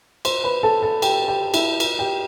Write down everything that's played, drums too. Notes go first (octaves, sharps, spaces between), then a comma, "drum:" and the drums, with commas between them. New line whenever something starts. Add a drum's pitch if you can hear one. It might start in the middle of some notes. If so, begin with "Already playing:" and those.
C5 C6, drum: cymbal
B4 B5
A4 A5
A4 A5
G4 G5, drum: cymbal
G4 G5
E4 E5, drum: cymbal
drum: cymbal
G4 G5